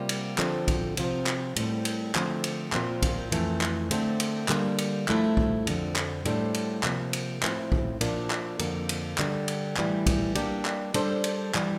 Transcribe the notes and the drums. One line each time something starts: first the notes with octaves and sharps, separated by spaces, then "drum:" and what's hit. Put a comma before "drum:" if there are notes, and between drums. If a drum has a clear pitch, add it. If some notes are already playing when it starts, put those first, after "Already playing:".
Already playing: C3 G3 A#3 F4 C5
drum: cymbal
D3 F3 C4 F4 A4, drum: clap
drum: kick B1, cymbal
C3 F3 C4 F4, drum: cymbal
drum: clap
A2 G3 C4, drum: cymbal
drum: cymbal
D3 F3 A3 C4, drum: clap
drum: cymbal
A#2 F3 C4 F4 A#4, drum: clap
drum: kick B1, cymbal
F2 E3 A3, drum: cymbal
drum: clap
D3 A3 C4, drum: cymbal
drum: cymbal
D3 G3 A#3, drum: clap
drum: cymbal
G2 F3 A3 E4, drum: clap
drum: kick B1
F2 D3 F3, drum: cymbal
drum: clap
A2 G3 D4 A4 C5, drum: cymbal
drum: cymbal
C3 F3 A#3, drum: clap
drum: cymbal
A2 F3 C4 E4, drum: clap
drum: kick B1
A#2 F3 A#3 D4, drum: cymbal
drum: clap
F2 D3 F3 A#3, drum: cymbal
drum: cymbal
G2 D3 G3, drum: clap
drum: cymbal
A2 E3 G3, drum: clap
drum: kick B1, cymbal
G3 A#3 D4 G4, drum: cymbal
drum: clap
G3 D4 A4 C5, drum: cymbal
drum: cymbal
E3 G3, drum: clap